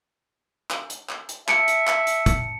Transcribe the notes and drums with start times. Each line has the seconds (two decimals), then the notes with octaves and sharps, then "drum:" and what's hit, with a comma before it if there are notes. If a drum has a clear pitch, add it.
0.70 drum: clap
0.90 drum: hi-hat
1.09 drum: clap
1.29 drum: hi-hat
1.48 E5 A5 C#7 D7, drum: clap
1.68 drum: hi-hat
1.87 drum: clap
2.07 drum: hi-hat
2.26 drum: kick, hi-hat